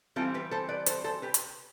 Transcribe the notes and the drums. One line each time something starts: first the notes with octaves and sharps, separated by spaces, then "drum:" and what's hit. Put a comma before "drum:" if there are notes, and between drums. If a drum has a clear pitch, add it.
E3 G3 C4 E4 F4 A4
G4 B4
A4 C5
B4 D5
A4 C5, drum: hi-hat
A4 C5
G4 B4
drum: hi-hat